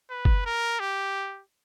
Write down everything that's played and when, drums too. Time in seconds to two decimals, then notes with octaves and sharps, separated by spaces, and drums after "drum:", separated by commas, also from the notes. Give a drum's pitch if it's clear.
0.10 B4
0.25 drum: kick
0.46 A#4
0.80 G4